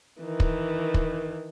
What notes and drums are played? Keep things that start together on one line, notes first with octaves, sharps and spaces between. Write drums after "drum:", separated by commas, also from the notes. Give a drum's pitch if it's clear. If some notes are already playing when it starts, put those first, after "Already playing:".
D#3 E3
drum: kick
drum: kick